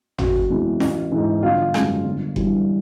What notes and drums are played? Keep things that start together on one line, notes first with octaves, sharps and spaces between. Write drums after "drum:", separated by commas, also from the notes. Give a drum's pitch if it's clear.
F#1 F#4, drum: tom G#1
E2 C3 E3 G#3
A1, drum: snare
G#2 E3
G1 F4
F#2 D#3 G#3, drum: rim click
G1
G2 E3 G3, drum: kick F#1